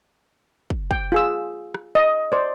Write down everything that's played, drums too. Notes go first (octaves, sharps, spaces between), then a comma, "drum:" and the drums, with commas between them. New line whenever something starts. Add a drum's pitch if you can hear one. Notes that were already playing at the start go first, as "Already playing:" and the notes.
drum: kick
G5, drum: kick
F4 G#4 E6
drum: rim click
D#5
C5 D5